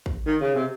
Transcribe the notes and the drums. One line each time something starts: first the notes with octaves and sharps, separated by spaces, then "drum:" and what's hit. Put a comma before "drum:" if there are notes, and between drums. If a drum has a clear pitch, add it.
drum: kick
D#3
C#3
C3